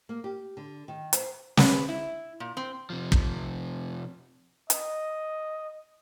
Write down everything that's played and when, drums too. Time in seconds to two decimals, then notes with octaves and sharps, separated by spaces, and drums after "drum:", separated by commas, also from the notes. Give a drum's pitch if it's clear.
0.09 A#3
0.24 G4
0.57 D3
0.88 D#3
1.13 C5, drum: hi-hat
1.57 B4, drum: snare
1.89 E4
2.40 A#2
2.57 C4
2.90 C3 F3
3.12 drum: kick
4.70 D#5, drum: hi-hat